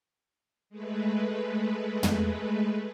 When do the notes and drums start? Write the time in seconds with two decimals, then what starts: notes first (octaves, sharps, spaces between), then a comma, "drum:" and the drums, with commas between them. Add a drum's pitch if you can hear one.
0.70 G#3 A3 B4
2.03 drum: tom